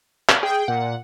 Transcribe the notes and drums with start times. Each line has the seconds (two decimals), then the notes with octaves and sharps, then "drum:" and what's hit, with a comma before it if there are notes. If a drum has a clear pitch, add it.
0.29 drum: clap
0.43 G#4 G5
0.68 A#2 F#5